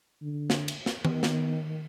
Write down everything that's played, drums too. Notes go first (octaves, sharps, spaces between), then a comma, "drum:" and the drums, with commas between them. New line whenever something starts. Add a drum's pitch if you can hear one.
D3
drum: snare
drum: cymbal
drum: snare
D#3 B3, drum: tom D#3
drum: snare